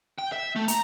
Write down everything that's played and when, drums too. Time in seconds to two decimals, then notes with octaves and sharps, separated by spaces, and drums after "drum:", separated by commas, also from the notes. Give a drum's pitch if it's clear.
0.19 G5
0.32 E5
0.56 A3
0.68 A#5, drum: hi-hat